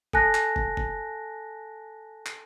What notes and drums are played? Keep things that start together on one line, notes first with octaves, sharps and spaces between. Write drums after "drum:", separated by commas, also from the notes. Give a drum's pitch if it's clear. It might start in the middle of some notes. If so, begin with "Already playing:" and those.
A4 G#5 A5 F#6 A#6, drum: kick
drum: clap
drum: kick
drum: kick
drum: clap